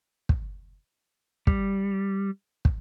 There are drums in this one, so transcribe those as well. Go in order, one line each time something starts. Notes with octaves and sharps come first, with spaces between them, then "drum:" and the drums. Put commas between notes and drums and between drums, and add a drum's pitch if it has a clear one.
drum: kick
G3, drum: kick
drum: kick